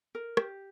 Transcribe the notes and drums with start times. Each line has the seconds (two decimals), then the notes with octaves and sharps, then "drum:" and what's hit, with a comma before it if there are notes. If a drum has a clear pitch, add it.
0.15 A#4
0.37 G4, drum: rim click